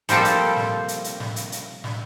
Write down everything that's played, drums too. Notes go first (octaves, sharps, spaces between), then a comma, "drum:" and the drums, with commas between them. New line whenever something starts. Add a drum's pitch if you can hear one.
F3 G3 A#3 C4 A4, drum: hi-hat
drum: hi-hat
drum: snare
drum: hi-hat
drum: hi-hat
drum: snare
drum: hi-hat
drum: hi-hat
drum: snare